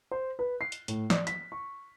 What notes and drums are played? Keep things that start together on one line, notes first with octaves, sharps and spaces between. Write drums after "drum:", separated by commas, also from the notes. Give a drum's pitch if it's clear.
C5
B4
C7
drum: hi-hat
A2, drum: hi-hat
D5, drum: snare
B6, drum: hi-hat
C#6